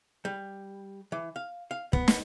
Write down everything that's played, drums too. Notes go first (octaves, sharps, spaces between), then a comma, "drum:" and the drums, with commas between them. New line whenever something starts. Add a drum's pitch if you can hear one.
G3
E3
F5
F5
B3, drum: kick
drum: snare